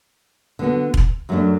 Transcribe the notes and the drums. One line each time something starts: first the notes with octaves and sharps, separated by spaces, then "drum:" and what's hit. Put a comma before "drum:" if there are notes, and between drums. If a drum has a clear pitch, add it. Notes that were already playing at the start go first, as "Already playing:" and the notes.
D3 B3 F#4
drum: kick E1
F#2 F#3 A3 D4